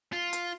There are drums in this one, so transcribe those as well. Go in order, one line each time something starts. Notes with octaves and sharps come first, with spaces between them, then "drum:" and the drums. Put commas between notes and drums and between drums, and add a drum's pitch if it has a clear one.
F4
drum: hi-hat